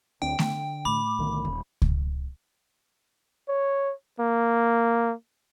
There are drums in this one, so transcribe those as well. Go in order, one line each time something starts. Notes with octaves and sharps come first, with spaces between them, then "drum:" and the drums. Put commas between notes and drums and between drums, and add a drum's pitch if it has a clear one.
D2 C4 D4 G5
D3, drum: snare A3
A2 B5 D6
B1 D3 D#3
D#1
drum: kick C#2
C#5
A#3